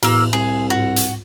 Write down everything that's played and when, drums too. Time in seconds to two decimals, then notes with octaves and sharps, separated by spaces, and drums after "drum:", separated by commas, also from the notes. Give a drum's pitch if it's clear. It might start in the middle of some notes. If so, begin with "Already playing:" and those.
0.03 E2 A2 A#3 E6, drum: cymbal
0.33 C2 G#4
0.70 G#2 F#4
0.96 drum: hi-hat